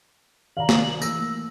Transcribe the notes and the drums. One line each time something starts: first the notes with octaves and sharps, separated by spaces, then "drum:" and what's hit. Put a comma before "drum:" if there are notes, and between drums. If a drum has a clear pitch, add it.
C3 D#3 D5 F5 A#5 F#7
drum: snare
E3 A3 A#3 E6 A#6, drum: tambourine